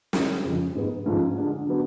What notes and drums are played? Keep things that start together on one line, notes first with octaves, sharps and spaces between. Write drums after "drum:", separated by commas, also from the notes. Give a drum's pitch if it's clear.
D3 G#3 D4, drum: snare
F2 C#3 F3 G#3 C#4
G#2 G#3 B3
G#2 F3 A3 C#4 F4
D3 G#3 D4
D3 F#3 B3 D4